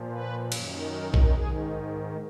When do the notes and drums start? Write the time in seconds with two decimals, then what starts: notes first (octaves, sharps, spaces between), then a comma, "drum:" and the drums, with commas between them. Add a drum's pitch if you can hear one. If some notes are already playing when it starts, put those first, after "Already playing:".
Already playing: A#2 F3
0.11 B4
0.52 F#2 D#3, drum: cymbal
0.93 A#4
1.14 drum: kick
1.36 G#2 D#3 G#4